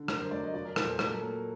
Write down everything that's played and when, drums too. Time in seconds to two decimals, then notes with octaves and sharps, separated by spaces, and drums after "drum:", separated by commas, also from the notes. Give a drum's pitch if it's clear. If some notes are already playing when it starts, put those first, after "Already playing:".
Already playing: D3
0.08 F#3 A#4, drum: rim click
0.20 C5
0.31 F#3 D5
0.43 D#5
0.54 F#3 D5
0.65 A#4
0.76 A#2 A4, drum: rim click
0.83 C5
0.88 A#4
0.99 F#3 A#4, drum: rim click
1.09 A4
1.21 A#3 A#4